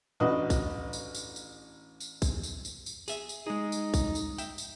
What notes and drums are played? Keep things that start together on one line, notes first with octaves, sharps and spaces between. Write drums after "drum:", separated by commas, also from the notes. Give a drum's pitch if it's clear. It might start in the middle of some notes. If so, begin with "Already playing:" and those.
A1 D4 F#4 B4 D#5 D#6
drum: kick A#1, tambourine
drum: tambourine
drum: tambourine
drum: tambourine
drum: tambourine
drum: kick A#1, tambourine
drum: tambourine
drum: tambourine
drum: tambourine
G#4 E5, drum: tambourine
drum: tambourine
G#3 D#4 G#4
drum: tambourine
drum: kick A#1, tambourine
drum: tambourine
E5 G5, drum: tambourine
drum: tambourine